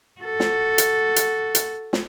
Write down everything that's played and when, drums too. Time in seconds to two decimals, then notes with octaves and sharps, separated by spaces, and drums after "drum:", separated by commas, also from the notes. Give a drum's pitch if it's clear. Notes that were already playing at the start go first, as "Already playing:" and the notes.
0.21 F#4 A4
0.40 drum: snare
0.78 drum: hi-hat
1.16 drum: hi-hat
1.55 drum: hi-hat
1.93 drum: snare